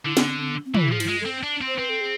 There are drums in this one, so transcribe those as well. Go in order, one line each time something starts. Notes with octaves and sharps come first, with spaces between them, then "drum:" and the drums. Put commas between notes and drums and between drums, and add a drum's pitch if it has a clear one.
D3 E4
D4, drum: snare
C4
C4
B3
C4
E3 F4, drum: tom
E4
F3 G#4
E4, drum: cymbal
G#3 F4
A4
C4
D4
C4
C5
C4 B4
A4
G#4